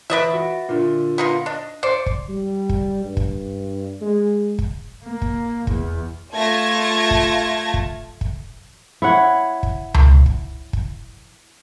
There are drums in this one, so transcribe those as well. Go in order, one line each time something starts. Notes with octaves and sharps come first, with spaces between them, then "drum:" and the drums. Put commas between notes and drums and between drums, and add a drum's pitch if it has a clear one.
E3 B4 D#5 E5 A6 D7
F#4 B5
A#2 D3
B3 D#4 F4
D4 D#5
C5 D5 C#7
drum: kick
G3
drum: kick
G2
drum: kick
G#3
drum: kick
A#3
drum: kick
E2, drum: kick
A3 F4 A5 G#6 A#6
drum: kick
drum: kick
drum: kick
E4 C#5 F#5
drum: kick
drum: tom C#2
drum: kick
drum: kick